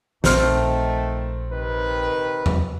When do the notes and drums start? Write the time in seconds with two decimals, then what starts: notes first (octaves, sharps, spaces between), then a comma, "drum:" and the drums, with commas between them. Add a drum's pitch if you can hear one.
0.24 A#1 D#3 A3 C4 F6, drum: snare
1.51 C3 D#3 B4
2.46 drum: tom E2